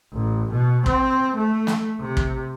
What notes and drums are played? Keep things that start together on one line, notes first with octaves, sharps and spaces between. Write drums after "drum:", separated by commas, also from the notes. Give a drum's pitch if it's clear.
A1
B2
C4, drum: kick
A3
drum: snare
C3
drum: kick